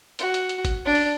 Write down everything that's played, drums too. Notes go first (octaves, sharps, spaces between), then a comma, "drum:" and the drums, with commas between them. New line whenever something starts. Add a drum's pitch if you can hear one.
F#4, drum: hi-hat
drum: hi-hat
drum: hi-hat
drum: kick G#1, hi-hat
D4
drum: open hi-hat